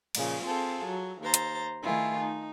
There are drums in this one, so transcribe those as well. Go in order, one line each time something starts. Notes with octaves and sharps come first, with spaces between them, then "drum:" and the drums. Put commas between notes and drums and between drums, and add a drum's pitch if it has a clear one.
A#2 C#3 F3, drum: cymbal
C4 F4 G#4 A4
F#3
D#2 C5 A#5 A6
drum: hi-hat
D#3 A3 E4 F4 G#4
D#4